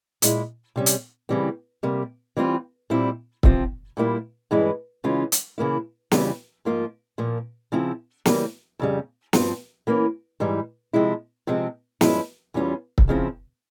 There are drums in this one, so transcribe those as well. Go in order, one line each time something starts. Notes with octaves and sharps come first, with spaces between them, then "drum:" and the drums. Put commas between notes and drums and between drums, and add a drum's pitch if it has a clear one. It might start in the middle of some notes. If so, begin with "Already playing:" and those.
A#2 G#3 E4, drum: hi-hat
C3 G3 C#4
drum: hi-hat
C#3 E3 G3 C4
C3 G3 A#3
E3 G3 C4 F4
A#2 G3 C4 E4
C3 F3 C4 F4, drum: kick
A#2 G3 A#3 E4
G2 E3 G#3 C#4 E4
C#3 E3 G#3 C#4 F4
drum: hi-hat
C#3 E3 A#3 E4
F2 C#3 E3 G3 C4, drum: snare
G#2 F3 A#3 F4
A#2 F3 A#3
C#3 F3 C4 E4
C#3 E3 G3 A#3, drum: snare
F2 C#3 G3
G2 F3 C4 F4, drum: snare
E3 A#3 C#4
G#2 E3 G3
C3 F3 G#3 E4
C3 F3 G#3 C4
G2 F3 G#3 C#4 E4, drum: snare
E2 E3 G3 C#4 F4
drum: kick
F2 C#3 F3 C4 E4